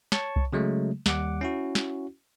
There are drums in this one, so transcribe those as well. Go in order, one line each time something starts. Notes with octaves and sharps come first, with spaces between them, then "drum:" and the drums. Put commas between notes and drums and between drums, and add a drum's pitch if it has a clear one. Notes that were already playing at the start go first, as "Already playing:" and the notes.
C#5 A5 C#6, drum: snare
drum: kick C2
C#3 F#3 G#3 A3
D#2 G3 F#5 D6, drum: snare
C#4 E4 F#4
drum: snare